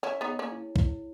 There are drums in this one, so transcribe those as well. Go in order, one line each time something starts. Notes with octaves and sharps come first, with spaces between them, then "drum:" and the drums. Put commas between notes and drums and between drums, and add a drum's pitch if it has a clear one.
C#4 E4 C#5
B3 D#4
G#4
A#3 C#4
E4
E4, drum: kick